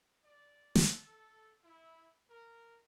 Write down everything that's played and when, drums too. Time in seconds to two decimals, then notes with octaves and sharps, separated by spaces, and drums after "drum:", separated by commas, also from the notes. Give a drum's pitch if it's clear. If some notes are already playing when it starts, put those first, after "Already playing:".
0.25 D5
0.75 drum: snare
0.85 A4
1.64 E4
2.29 A#4